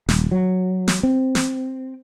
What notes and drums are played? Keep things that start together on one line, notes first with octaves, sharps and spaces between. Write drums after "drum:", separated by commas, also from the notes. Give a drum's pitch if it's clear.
D#1, drum: snare
F#3
drum: snare
C4
drum: snare